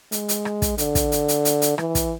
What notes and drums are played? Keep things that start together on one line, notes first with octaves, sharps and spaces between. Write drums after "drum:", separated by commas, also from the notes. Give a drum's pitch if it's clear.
G#3, drum: hi-hat
drum: hi-hat
drum: rim click
drum: kick, hi-hat
D3, drum: hi-hat
drum: kick, hi-hat
drum: hi-hat
drum: hi-hat
drum: hi-hat
drum: hi-hat
E3, drum: rim click
drum: kick, hi-hat